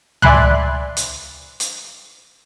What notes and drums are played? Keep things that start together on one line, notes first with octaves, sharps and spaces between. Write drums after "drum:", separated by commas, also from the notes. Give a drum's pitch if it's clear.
D5 E5 G#5 B5 C6 F#6, drum: tom C#2
drum: hi-hat
drum: hi-hat